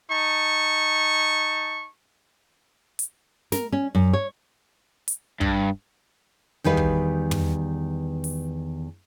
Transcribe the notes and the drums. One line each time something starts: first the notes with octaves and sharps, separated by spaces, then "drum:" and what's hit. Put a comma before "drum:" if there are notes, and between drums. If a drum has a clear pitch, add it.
D#4 A5 C#6
drum: hi-hat
A#4, drum: snare
C#4
F#2
C#5
drum: hi-hat
G2, drum: kick
E2 D#3 G3 B4 F5
drum: kick
drum: tom
drum: open hi-hat